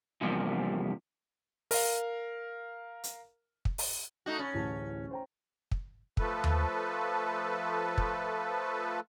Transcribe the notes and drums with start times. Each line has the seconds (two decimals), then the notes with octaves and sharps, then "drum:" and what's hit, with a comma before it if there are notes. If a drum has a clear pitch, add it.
0.21 E2 G2 C3 F3 G3 A#3
1.71 A#4 F5, drum: open hi-hat
3.04 drum: hi-hat
3.65 drum: kick
3.78 drum: open hi-hat
4.26 A3 D#4 F#4
4.39 C#4 B5 A6
4.53 D1 A1 A5
5.11 C5 G5 A#5
5.71 drum: kick
6.17 F3 A3 A4 B4, drum: kick
6.44 drum: tom D#2
7.98 drum: kick